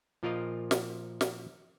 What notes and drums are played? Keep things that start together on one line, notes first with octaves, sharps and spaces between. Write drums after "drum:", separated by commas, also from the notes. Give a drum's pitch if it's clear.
A#2 F3 F4 A#4 D#5 F5
drum: snare
drum: snare